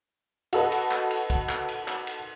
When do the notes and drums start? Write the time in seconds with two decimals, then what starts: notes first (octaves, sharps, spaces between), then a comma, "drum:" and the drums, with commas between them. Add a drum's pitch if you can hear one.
0.53 F#4 A4 B4 D#5, drum: cymbal
0.72 drum: cymbal
0.91 drum: clap
1.11 drum: cymbal
1.30 drum: kick, cymbal
1.49 drum: clap
1.69 drum: cymbal
1.88 drum: clap
2.07 drum: cymbal